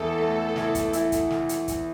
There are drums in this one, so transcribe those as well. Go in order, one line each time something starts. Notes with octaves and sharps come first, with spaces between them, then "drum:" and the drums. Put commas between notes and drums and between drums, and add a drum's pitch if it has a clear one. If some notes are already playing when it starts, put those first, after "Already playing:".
Already playing: E2 E4 A4
A3
E4, drum: snare
drum: kick, hi-hat
E4, drum: hi-hat
drum: kick, hi-hat
drum: snare
drum: hi-hat
drum: kick, hi-hat